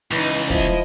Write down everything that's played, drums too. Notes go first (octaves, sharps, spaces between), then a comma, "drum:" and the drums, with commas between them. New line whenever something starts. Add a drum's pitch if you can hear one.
C#2 E3 D#4
F3 E4 D#5, drum: kick